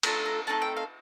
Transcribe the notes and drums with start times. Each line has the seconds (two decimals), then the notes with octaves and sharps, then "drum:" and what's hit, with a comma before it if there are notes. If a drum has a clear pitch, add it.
0.03 A3 D4 F4 A4 A#5, drum: cymbal
0.26 A#5
0.47 A3 C4 D#4 A4 A5
0.62 G5
0.76 F5